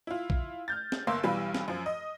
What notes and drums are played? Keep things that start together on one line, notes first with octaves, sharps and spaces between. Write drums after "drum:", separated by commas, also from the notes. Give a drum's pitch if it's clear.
E4 F4
drum: kick
F6 G6 A6
drum: snare
G1 A#3 C6 E6
B1 E3 G3 F5 B5 F6
drum: snare
F#2 F3
D#5